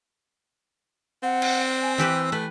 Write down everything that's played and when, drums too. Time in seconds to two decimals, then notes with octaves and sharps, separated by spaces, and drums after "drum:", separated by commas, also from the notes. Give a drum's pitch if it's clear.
1.23 C4 F#5
1.42 drum: cymbal
1.82 G#5
1.98 E3 G4 B4 E6
2.32 A3 B4